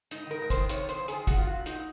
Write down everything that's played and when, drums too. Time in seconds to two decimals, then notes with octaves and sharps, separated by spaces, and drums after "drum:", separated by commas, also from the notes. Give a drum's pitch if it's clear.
0.11 G#2 D#4, drum: hi-hat
0.26 D#3 A#4
0.41 G#2
0.50 C5, drum: kick, hi-hat
0.56 D#3
0.69 C3 C#5, drum: hi-hat
0.84 C3
0.89 C5, drum: hi-hat
0.99 F2
1.08 G#4, drum: hi-hat
1.13 D#3
1.27 F3 F#4, drum: kick, hi-hat
1.37 F4
1.42 F3 F#4
1.56 A#2
1.66 D#4, drum: hi-hat
1.71 A#2